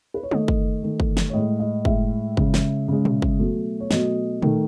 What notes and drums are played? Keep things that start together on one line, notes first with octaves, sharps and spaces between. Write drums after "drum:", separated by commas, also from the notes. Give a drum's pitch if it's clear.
B4
C#5
D#3 A3 D#5, drum: tom
drum: kick
D#3 A3
drum: kick
drum: snare
C#5
A2 G#3 D#5
D#5
A2 G#3 E5, drum: kick
C#3 G#3, drum: kick
drum: snare
C#3 G#3
drum: tom
drum: kick
B2 F#3 A3
C#5
B2 F#3 A3 D#5, drum: snare
D#3 A3, drum: tom